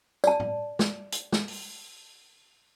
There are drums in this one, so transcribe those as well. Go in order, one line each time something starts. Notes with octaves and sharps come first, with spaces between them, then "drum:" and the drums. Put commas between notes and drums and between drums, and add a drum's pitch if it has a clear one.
D5 A5, drum: tambourine
drum: tom
drum: snare
drum: hi-hat
drum: snare
drum: open hi-hat